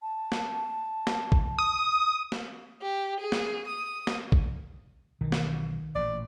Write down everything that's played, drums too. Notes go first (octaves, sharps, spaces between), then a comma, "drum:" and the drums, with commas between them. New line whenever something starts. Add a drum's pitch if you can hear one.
A5
drum: snare
drum: snare
drum: kick
D#6
drum: snare
G4
G#4
drum: snare
D#6
drum: snare
drum: kick
B1 D#3 E3
drum: snare
A1 A#2 D5